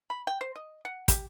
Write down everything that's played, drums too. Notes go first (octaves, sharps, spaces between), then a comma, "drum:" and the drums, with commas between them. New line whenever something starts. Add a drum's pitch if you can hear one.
B5
G5
C5
D#5
F#5
G4, drum: kick, hi-hat